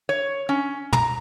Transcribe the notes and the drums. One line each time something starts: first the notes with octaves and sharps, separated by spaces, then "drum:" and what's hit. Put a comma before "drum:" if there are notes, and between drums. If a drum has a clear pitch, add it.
C#5
C#4
A#5, drum: tom